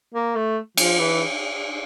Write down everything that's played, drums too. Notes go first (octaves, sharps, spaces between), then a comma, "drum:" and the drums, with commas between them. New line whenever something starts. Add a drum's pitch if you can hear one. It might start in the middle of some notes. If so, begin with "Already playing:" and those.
A#3
A3
F3, drum: cymbal
E3